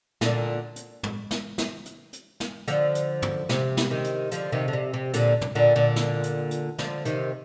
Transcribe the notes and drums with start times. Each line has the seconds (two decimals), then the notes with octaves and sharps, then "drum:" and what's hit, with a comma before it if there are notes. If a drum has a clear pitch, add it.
0.21 A#2 D3, drum: snare
0.76 drum: hi-hat
1.03 drum: tom
1.31 drum: snare
1.58 drum: snare
1.85 drum: hi-hat
2.13 drum: hi-hat
2.40 drum: snare
2.68 D3 F3, drum: hi-hat
2.95 drum: hi-hat
3.22 drum: tom
3.49 C3, drum: snare
3.77 drum: snare
3.90 C3 D#3
4.04 drum: hi-hat
4.31 D3 F3, drum: hi-hat
4.52 C3 D#3
4.68 D3
4.73 C3
4.94 C3
5.14 A#2 D3, drum: hi-hat
5.41 drum: tom
5.55 A#2 D3
5.76 A#2 D3
5.96 drum: snare
6.24 drum: hi-hat
6.51 drum: hi-hat
6.78 D3 F3, drum: snare
7.05 C3 D#3, drum: hi-hat